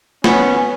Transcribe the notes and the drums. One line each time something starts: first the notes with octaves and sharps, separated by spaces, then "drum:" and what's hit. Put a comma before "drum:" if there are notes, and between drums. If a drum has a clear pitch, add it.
B3 C#4, drum: snare